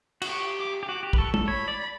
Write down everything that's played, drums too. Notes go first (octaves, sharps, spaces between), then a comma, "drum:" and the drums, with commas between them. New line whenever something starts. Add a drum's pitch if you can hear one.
F#4, drum: cymbal
G4 C#6
D6
G4
F#4 D6
G4
B4, drum: kick
A4 C#6
A4, drum: tom
C#5 B5
D5